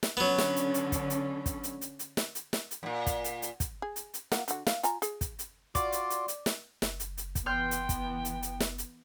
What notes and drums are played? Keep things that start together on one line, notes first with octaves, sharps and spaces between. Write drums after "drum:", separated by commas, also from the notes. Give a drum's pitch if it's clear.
drum: snare
D3 F#3 B3 C#4
drum: snare
drum: hi-hat
drum: hi-hat
drum: kick, hi-hat
drum: hi-hat
drum: kick, hi-hat
drum: hi-hat
drum: hi-hat
drum: hi-hat
drum: snare
drum: hi-hat
drum: snare
drum: hi-hat
F#2 A#2
drum: kick, hi-hat
drum: hi-hat
drum: hi-hat
drum: kick, hi-hat
G#4
drum: hi-hat
drum: hi-hat
A#3 F4 F#5, drum: snare
D3 F#4, drum: hi-hat
F5, drum: snare
F4 G#5 A#5, drum: hi-hat
G#4, drum: hi-hat
drum: kick, hi-hat
drum: hi-hat
F4 F#4 D5 C6, drum: kick, hi-hat
drum: hi-hat
drum: hi-hat
drum: hi-hat
drum: snare
F#1, drum: snare
drum: hi-hat
drum: hi-hat
drum: kick, hi-hat
E3 B3 G5 C6 F6 G6
drum: hi-hat
drum: kick, hi-hat
drum: hi-hat
drum: hi-hat
drum: snare
drum: hi-hat